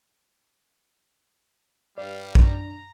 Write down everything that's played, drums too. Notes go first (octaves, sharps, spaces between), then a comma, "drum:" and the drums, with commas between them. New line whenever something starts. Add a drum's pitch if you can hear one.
G2 G3 D5 F5
D4 A#5, drum: kick